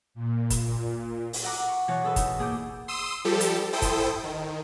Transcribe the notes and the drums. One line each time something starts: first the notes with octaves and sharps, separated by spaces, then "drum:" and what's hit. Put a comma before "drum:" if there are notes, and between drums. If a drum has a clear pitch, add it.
A#2
drum: kick, hi-hat
drum: open hi-hat
A4 F#5 A#5 D6
C#6
B2 E3 B3 C#5
G#4 A4 B4
D#4, drum: kick, hi-hat
A#3 G#4 A4 D6 G6
C6 D#6 E6
F3 G3 G4 A4
drum: hi-hat
E4 A4 C5 G5 D#6
drum: kick, hi-hat
D#3